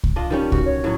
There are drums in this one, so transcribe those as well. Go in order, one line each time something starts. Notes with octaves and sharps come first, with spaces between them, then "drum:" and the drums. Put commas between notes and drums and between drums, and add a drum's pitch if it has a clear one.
drum: kick C2
D4 F4 D#5
D#3 G3 C#4
F#4, drum: kick C2
C#5
A2 F#3